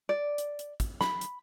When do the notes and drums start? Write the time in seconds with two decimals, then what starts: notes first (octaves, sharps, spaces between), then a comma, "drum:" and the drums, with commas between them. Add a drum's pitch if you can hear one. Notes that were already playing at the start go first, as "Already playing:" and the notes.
0.09 D5
0.38 drum: hi-hat
0.59 drum: hi-hat
0.80 drum: kick, hi-hat
1.01 B5, drum: snare
1.21 drum: hi-hat